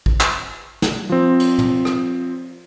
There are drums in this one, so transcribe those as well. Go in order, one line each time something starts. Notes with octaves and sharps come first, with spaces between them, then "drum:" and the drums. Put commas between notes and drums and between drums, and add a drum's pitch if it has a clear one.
drum: kick A1
drum: clap
drum: snare
F3 C4
drum: cymbal
drum: tom
drum: rim click